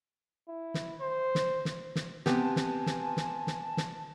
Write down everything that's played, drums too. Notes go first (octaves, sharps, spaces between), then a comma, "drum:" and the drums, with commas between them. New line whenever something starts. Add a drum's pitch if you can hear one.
E4
drum: snare
C5
drum: snare
drum: snare
drum: snare
C3 B3 G4 G#5 A5, drum: snare
drum: snare
drum: snare
drum: snare
drum: snare
drum: snare